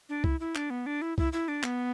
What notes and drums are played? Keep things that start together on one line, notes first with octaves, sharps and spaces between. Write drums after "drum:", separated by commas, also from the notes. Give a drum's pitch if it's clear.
D4
E4, drum: kick
E4
D4, drum: clap
B3
D4
E4
E4, drum: kick
E4
D4
B3, drum: clap